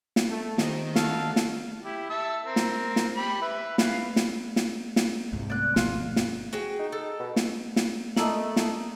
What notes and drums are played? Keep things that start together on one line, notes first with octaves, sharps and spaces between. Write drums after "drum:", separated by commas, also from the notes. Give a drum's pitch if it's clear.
drum: snare
A3
D#3 G4 C5 D#5, drum: snare
D3 F#4 A4 F5, drum: snare
drum: snare
E4 G4
E5 A5 E6
C4 A#4
drum: snare
drum: snare
G4 B5
B4 E5
E3 B4 F5, drum: snare
drum: snare
drum: snare
drum: snare
C2 G#2 C3
A3 B3 D5 F#6
G1 B2 F3 F4, drum: snare
drum: snare
F#4 G#4 G5
D#4
A4
B2
drum: snare
drum: snare
A3 A#4 D5 D#5 A5 E6 F#7, drum: snare
drum: snare